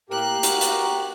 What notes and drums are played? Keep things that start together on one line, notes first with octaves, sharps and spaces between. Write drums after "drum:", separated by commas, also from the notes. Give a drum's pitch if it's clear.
A2 A#3 G4 A#4 F5 F#6
F#4 A#4, drum: hi-hat
drum: hi-hat